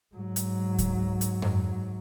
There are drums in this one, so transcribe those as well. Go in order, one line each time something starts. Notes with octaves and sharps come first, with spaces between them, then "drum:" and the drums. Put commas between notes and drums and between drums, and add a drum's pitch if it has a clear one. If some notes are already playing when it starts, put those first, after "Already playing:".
G#2 F#3
drum: hi-hat
drum: kick C#2, hi-hat
drum: hi-hat
drum: tom F#2